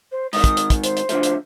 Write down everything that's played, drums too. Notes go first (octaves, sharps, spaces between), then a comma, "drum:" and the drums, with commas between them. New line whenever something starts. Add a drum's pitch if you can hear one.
C5
G#2 D#3 D#6, drum: open hi-hat
drum: kick, hi-hat
drum: hi-hat
drum: kick, hi-hat
C5, drum: hi-hat
drum: hi-hat
D3 F3 A3, drum: hi-hat
drum: hi-hat